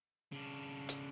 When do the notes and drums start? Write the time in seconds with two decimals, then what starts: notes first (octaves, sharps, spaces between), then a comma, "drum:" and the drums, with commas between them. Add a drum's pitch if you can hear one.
0.32 C#3 D4
0.89 drum: hi-hat